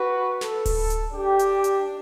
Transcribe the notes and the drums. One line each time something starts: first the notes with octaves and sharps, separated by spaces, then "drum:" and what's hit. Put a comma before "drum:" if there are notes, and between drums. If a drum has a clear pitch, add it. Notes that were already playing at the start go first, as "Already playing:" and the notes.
Already playing: F#4 B4
A4, drum: snare
drum: kick D1, open hi-hat
drum: hi-hat
D4 G4
drum: hi-hat
drum: hi-hat